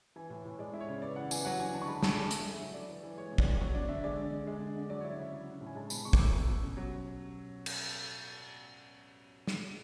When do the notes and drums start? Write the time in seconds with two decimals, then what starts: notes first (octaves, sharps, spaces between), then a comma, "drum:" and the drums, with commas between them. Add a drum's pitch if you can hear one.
0.16 E3 G#5
0.30 A2
0.45 A2
0.59 G#3 D5
0.74 E4
0.81 C#5
0.88 C#3
1.02 B3 D5
1.16 E3 F#5
1.31 E3 G#5, drum: tambourine
1.45 F#3 F#5
1.59 D4 G#5
1.73 D3 A5
1.82 C#6
1.88 G#3 B5
2.03 C#3 A5, drum: snare
2.17 C#3 G#5
2.31 A3, drum: hi-hat
2.46 E4
2.53 E5
2.60 F#3
2.74 A3 D5
2.89 E3
3.03 E3
3.17 G#3 C#5
3.32 B2
3.38 D5, drum: kick
3.46 B2
3.61 F#3 C#5
3.74 D4 D5
3.89 D3 E5
4.04 G#3 D5
4.18 D3
4.32 D3
4.47 G#3
4.60 D3
4.76 D3
4.90 F#3 D5
5.00 E4 C#5
5.11 D5
5.19 C#3 E5
5.33 F#3
5.48 D4
5.61 A2
5.67 G#5
5.75 G#3 A5
5.90 B2 B5, drum: tambourine
6.05 B2 C#6
6.13 D6, drum: kick
6.19 A3 E6
6.34 B2
6.48 B2
6.62 C#4
6.77 F#3
7.66 drum: cymbal
9.47 drum: snare